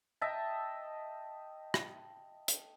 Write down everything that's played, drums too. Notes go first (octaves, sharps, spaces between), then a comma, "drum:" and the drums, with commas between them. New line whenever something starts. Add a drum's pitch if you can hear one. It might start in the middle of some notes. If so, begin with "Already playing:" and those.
D#5 E5 G5 A5
drum: rim click
drum: hi-hat